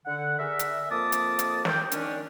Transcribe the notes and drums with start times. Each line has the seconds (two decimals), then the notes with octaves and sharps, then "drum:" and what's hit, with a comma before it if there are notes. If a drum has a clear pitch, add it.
0.06 D3 F#5
0.39 G#4 A#4 D5 E5
0.59 drum: hi-hat
0.90 F2 A#3 A#4 A5 D6 D#6
1.12 drum: hi-hat
1.39 drum: hi-hat
1.65 G5, drum: snare
1.92 D#3 C#4 D4, drum: hi-hat